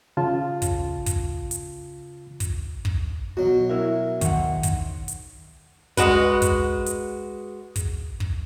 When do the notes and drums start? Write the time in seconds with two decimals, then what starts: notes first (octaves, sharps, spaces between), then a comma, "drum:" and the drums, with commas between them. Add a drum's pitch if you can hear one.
0.17 C#3 F4 A5
0.62 drum: kick, hi-hat
1.06 drum: kick, hi-hat
1.51 drum: hi-hat
2.40 drum: kick, hi-hat
2.85 drum: kick
3.37 B2 F#3 F#4
3.70 E4 A#4 E5
4.21 D#3 F#5, drum: kick, hi-hat
4.63 drum: kick, hi-hat
5.08 drum: hi-hat
5.97 G#3 F#4 B4, drum: kick, hi-hat
6.42 drum: kick, hi-hat
6.86 drum: hi-hat
7.76 drum: kick, hi-hat
8.20 drum: kick